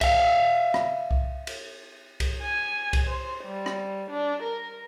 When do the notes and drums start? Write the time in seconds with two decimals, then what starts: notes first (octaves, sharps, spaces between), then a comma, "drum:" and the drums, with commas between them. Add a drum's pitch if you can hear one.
0.01 E5 F5, drum: kick C2, cymbal
0.74 drum: rim click
1.11 drum: kick C2
1.47 drum: cymbal
2.20 drum: kick C2, cymbal
2.43 G#5
2.93 drum: kick C2, cymbal
3.07 C5
3.44 G3
3.66 drum: rim click
4.11 D4
4.42 A#4